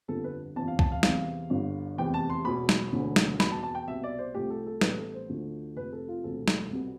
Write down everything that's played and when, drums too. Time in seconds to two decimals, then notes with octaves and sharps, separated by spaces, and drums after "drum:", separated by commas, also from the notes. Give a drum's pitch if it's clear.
0.08 G1 F2 D3 G3 B3 A4
0.24 B4
0.56 G1 F2 C3 E3 A5
0.68 F5
0.79 A5, drum: kick
0.92 F5
1.03 E2 C3 E3 F5, drum: snare
1.50 G1 G2 D3
1.98 F1 E2 C3 E3 B3 G5
2.14 A5
2.30 C6
2.45 E1 E2 B2 B5
2.69 drum: snare
2.92 E1 D2 D3
3.16 drum: snare
3.40 E2 B2 B3 B5, drum: snare
3.51 A5
3.63 A5
3.75 G5
3.87 C2 B2 B3 E5
4.04 D5
4.18 C5
4.35 C2 C3 F3 A3 G4
4.50 A4
4.67 A4
4.81 A1 A2 G3 B3 B4, drum: snare
4.98 A4
5.14 C5
5.29 D2 D3 F3 A3
5.76 F1 F2 C3 B4
5.93 A4
6.08 F4
6.23 E1 D2 C3 A4
6.48 drum: snare
6.71 C2 B2 G3 B3